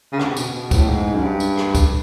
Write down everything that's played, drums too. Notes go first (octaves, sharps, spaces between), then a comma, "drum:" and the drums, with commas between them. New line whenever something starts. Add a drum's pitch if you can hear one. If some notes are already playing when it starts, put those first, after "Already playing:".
C#3
D3, drum: rim click
C3
B2, drum: tambourine
B2
A2, drum: kick C#2, tambourine
G#2
F#2
G2
drum: tambourine
drum: rim click
drum: kick C#2, tambourine